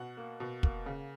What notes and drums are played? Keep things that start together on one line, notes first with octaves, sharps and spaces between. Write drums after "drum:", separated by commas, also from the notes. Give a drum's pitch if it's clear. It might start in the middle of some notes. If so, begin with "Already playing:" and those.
Already playing: B2 F#5
A#3
B2
A#3, drum: kick
C#3